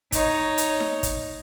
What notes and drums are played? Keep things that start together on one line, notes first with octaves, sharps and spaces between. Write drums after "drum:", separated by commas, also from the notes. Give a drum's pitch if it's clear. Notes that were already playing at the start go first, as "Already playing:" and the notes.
D#4 C#5, drum: kick, hi-hat
drum: hi-hat
drum: snare D#4
drum: kick, hi-hat